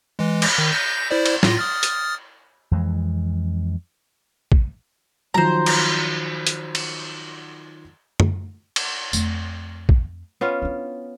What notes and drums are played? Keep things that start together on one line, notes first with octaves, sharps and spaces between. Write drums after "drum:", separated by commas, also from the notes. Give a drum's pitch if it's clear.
E3 G#3
drum: cymbal
D#3
G6 A#6
E4 C5 D5
drum: cymbal
A2 F4 A#6, drum: snare
D#6 F6 A6
drum: hi-hat
F2 E3 G#3
drum: kick
D#3 F3 F#3 C5 A#5
drum: cymbal
drum: hi-hat
drum: cymbal
drum: tom
drum: cymbal
F2 A3, drum: tambourine
drum: kick
B3 C#4 F4
D4 E4